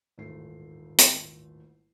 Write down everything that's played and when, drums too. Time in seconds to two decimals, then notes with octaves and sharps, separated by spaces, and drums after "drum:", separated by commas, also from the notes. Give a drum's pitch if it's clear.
0.18 D#1 A1 G#2 A3 C7
0.99 drum: hi-hat